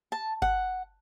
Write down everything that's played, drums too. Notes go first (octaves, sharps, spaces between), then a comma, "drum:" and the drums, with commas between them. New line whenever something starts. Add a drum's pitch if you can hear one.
A5
F#5, drum: kick G1